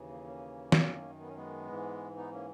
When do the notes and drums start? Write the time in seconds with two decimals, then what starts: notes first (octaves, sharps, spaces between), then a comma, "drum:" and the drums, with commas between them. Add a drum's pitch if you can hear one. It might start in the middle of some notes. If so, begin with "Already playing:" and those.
Already playing: D#2 C#3 E3
0.09 A#3
0.25 A#3 C#4
0.72 F#2 D#3, drum: snare
1.20 B3
1.27 C#4
1.35 G#3 B3
1.68 G#2 E3
2.16 B3 D#4
2.32 A#3 C#4